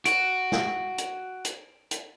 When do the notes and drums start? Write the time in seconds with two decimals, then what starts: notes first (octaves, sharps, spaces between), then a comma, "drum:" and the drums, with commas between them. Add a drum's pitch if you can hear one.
0.05 F#4 D7, drum: hi-hat
0.52 drum: snare
0.98 drum: hi-hat
1.45 drum: hi-hat
1.91 drum: hi-hat